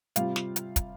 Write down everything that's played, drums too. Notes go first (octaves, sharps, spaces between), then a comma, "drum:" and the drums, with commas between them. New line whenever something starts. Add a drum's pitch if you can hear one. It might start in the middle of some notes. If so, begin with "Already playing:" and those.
C3 G3 F4 F5, drum: hi-hat
drum: snare
drum: hi-hat
drum: kick, hi-hat